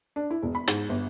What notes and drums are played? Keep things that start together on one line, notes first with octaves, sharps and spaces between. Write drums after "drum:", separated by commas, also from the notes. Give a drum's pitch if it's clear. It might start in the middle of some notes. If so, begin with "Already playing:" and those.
D4
E4
E1
B5
G#2, drum: hi-hat
G1